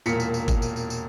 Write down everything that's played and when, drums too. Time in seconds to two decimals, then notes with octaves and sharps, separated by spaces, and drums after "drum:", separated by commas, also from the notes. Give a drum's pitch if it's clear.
0.06 E1 A#2 A#4 B6 C#7, drum: tambourine
0.20 drum: tambourine
0.34 drum: tambourine
0.48 drum: kick, tambourine
0.62 drum: tambourine
0.76 drum: tambourine
0.90 drum: tambourine